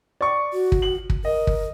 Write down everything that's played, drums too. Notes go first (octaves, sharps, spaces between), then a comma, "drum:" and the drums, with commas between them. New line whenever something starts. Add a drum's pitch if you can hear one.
D5 C#6
F#4
drum: kick
F#7
drum: kick
A#4 D#5
drum: kick